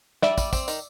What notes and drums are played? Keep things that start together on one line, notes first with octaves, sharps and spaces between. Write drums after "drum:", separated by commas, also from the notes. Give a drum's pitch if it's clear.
G3 D5 E5, drum: snare
G3, drum: kick, tambourine
C4, drum: kick, tambourine
D#3, drum: tambourine